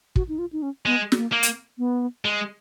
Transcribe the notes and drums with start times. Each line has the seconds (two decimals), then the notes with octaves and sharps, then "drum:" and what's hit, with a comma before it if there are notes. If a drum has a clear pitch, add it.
0.16 F#4, drum: kick
0.29 D#4
0.38 F4
0.52 D#4
0.62 C#4
0.86 G#3 B3
1.12 B3, drum: snare
1.17 A#3
1.32 A#3
1.43 drum: hi-hat
1.78 B3
2.25 G#3